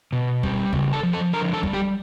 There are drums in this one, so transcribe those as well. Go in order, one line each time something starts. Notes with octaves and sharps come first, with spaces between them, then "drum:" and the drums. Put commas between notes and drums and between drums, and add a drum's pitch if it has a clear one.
B2
G3, drum: kick
C#3, drum: kick
A4 A5
F3
A4 A5
D3 A#4 A#5
A4 A5
G3, drum: kick
G4 G5